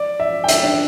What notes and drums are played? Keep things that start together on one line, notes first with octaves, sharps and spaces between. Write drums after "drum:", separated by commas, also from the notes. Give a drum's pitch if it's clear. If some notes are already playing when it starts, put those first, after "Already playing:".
Already playing: D5
E5
G5
E5, drum: hi-hat
D4